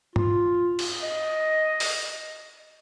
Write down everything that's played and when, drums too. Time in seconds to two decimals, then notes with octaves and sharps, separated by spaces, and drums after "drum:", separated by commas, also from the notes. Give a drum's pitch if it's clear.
0.16 F4, drum: tom
0.79 drum: cymbal
1.03 D#5
1.80 drum: open hi-hat